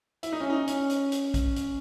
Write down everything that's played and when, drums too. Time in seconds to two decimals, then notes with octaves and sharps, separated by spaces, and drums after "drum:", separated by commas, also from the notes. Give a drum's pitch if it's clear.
0.23 E4, drum: hi-hat
0.32 D#4
0.40 C#4
0.50 D#4
0.68 C#4, drum: hi-hat
0.90 drum: hi-hat
1.12 drum: hi-hat
1.34 drum: kick A#1, hi-hat
1.56 drum: hi-hat